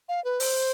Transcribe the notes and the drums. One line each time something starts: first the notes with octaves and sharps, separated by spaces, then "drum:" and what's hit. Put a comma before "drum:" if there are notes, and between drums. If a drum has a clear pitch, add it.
F5
B4
C5, drum: open hi-hat